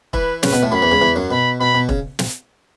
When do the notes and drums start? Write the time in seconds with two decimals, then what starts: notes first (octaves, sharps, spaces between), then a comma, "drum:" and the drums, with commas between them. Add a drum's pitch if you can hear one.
0.13 E3 E4 B4, drum: kick E1
0.43 C#3 C#4 B4, drum: snare
0.53 B2 B3
0.63 A2 A3
0.72 F#2 F#3 B5
0.82 E2 E3
0.91 C#2 C#3
1.02 E2 E3
1.16 F#2 F#3
1.31 B2 B5
1.61 B2 B5
1.75 B2
1.89 C#3, drum: kick E1
2.19 drum: snare